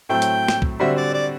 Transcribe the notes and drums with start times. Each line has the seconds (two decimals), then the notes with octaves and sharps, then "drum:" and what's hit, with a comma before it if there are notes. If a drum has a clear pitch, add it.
0.09 A2 F#3 A3 C4 G5
0.22 drum: hi-hat
0.48 drum: snare
0.62 drum: kick B1
0.80 D3 G3 C4 F#4 E5
0.97 D5
1.14 D5